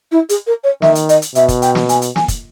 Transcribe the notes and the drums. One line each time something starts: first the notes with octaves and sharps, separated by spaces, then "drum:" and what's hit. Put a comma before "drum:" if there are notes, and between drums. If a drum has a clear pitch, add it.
E4
G#4, drum: hi-hat
A#4
C#5
D#3 E5, drum: snare
drum: hi-hat
D#5, drum: hi-hat
drum: hi-hat
B2 E5, drum: hi-hat
drum: kick, hi-hat
G5, drum: hi-hat
drum: snare
G#5, drum: hi-hat
drum: hi-hat
G#5, drum: snare
drum: kick, hi-hat